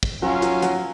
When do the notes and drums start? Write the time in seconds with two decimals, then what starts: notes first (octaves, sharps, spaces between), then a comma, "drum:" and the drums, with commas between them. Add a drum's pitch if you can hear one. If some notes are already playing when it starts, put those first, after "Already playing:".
0.03 drum: kick
0.22 F#3 C#4 F4
0.42 F#3, drum: hi-hat
0.62 F#3, drum: hi-hat